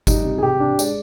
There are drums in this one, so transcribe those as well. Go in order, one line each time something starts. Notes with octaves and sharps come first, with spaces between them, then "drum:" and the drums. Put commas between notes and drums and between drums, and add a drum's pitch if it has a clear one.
G3 D#4, drum: kick G1, tambourine
C3
G#4
C3 G4
D4
G#3 D5, drum: tambourine